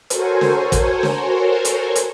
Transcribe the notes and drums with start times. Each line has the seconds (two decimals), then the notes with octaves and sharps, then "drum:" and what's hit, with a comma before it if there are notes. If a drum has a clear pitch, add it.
0.10 F#4 A4 A#4 C5 C#5 G#5, drum: hi-hat
0.41 drum: snare
0.72 drum: kick, hi-hat
1.03 drum: snare
1.65 drum: hi-hat
1.96 drum: hi-hat